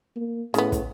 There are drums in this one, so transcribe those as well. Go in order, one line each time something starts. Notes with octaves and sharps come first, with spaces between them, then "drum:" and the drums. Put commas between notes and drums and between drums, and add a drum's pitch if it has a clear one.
A#3
A2 C#3 B3, drum: hi-hat
drum: kick, hi-hat